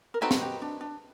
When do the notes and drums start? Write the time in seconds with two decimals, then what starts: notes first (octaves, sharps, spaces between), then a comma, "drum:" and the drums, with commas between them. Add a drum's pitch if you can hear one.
0.14 A#4
0.21 C4 D#4 F#4 A4 B4
0.31 drum: snare
0.42 G4
0.62 D4
0.81 D4